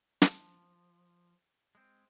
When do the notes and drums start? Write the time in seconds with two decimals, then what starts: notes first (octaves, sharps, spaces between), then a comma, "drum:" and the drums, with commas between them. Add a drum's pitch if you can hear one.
0.22 F3 A5, drum: snare
1.75 G#3 C4